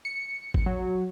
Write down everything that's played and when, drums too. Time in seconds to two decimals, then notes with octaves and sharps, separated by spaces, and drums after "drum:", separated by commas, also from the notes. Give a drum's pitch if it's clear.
0.05 C#7
0.54 drum: kick
0.66 F#3